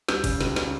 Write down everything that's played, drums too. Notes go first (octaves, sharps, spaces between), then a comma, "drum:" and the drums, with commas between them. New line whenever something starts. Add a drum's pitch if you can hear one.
G3 E6 G6, drum: snare
C#3, drum: kick G1, cymbal
C#2, drum: snare
C#3, drum: snare